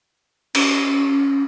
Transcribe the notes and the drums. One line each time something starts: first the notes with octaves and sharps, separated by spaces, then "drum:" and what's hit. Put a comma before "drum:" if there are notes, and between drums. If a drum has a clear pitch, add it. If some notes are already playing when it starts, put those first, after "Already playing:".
C#4, drum: cymbal